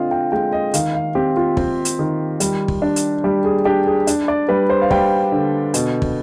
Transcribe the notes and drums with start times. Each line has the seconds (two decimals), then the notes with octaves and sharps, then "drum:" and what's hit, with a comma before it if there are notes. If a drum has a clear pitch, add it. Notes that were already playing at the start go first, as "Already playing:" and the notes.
Already playing: D3 C4 F4 D#5 F5
0.11 G5
0.32 G#3 G5
0.53 D#5
0.74 D#3 F5, drum: hi-hat
0.94 F5
1.15 C4 G4
1.37 F4
1.57 C4, drum: kick
1.85 drum: hi-hat
1.99 D#3
2.40 G3, drum: hi-hat
2.68 drum: kick
2.82 D4
2.96 drum: hi-hat
3.24 G3 G4
3.44 G#4
3.65 D4 G4
3.86 G#4
4.07 D4, drum: hi-hat
4.28 D5
4.49 G3 B4
4.69 C5
4.82 F5
4.91 G3 G5, drum: kick
5.32 D3
5.74 B2, drum: hi-hat
6.02 drum: kick